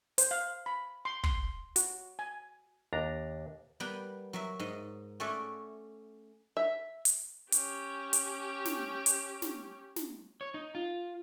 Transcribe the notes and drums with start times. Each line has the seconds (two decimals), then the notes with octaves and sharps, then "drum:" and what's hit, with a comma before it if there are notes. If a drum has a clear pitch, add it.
0.18 C5, drum: hi-hat
0.31 F5
0.66 B5
1.05 C6
1.24 C6, drum: kick
1.76 F#4, drum: hi-hat
2.19 G#5
2.93 D#2 D4 A#5
3.80 G3 B3 A#4 B4 G5
4.33 F#3 A#4 E5
4.60 G#2 D#5
5.20 A3 C#4 F#4 A4 D5 E5
6.57 E5
7.05 drum: hi-hat
7.52 C#4 G4, drum: hi-hat
8.13 drum: hi-hat
8.65 drum: snare
9.06 drum: hi-hat
9.42 drum: snare
9.96 drum: snare
10.41 C#5
10.54 D#4
10.75 F4